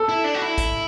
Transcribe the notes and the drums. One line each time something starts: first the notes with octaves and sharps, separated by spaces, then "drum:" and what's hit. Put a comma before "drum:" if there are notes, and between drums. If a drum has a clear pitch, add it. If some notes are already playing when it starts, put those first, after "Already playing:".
Already playing: A4
E4
D4
F#4
E4
drum: kick, hi-hat